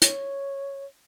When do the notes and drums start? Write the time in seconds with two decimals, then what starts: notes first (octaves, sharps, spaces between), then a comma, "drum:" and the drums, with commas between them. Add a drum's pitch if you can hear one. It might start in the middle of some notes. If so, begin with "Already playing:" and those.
0.02 C#5, drum: hi-hat